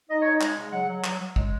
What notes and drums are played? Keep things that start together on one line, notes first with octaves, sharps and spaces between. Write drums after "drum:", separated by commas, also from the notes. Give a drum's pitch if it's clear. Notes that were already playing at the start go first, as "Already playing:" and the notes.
D#4 D#5
D#4 C#5
D#5
G#3, drum: clap
C#3
F#3 F#5
F#3
F#3, drum: clap
F#3
G#3, drum: kick